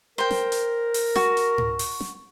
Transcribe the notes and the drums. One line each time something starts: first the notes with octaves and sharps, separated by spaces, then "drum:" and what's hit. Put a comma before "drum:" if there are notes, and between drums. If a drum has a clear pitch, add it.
A#4 C5 G5
drum: snare
drum: hi-hat
drum: open hi-hat
F#4, drum: snare
drum: hi-hat
drum: tom G#2
drum: open hi-hat
drum: snare